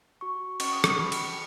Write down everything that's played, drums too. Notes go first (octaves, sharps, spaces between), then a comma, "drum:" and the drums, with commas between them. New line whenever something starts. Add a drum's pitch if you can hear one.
F#4 C#6
C#4 C#6, drum: cymbal
D#6
C#6, drum: rim click
F#4 B5
drum: cymbal